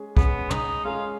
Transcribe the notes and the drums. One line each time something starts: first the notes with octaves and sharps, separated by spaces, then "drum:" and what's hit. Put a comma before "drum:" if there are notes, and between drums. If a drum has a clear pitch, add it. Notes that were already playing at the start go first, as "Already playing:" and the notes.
Already playing: G#3 C#4 G#4
G#3 B3 C#4 G#4, drum: kick
D#4, drum: tom
G#3 C#4 F4 G#4